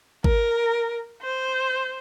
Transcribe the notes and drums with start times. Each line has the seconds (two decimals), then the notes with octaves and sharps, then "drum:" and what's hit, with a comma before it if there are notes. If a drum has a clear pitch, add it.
0.24 A#4, drum: kick
1.22 C5